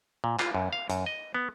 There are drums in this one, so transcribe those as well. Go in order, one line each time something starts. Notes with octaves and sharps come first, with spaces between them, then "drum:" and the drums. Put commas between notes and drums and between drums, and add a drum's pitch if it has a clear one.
A#2
F4, drum: clap
F#2
F5
F#2, drum: hi-hat
D#5
B3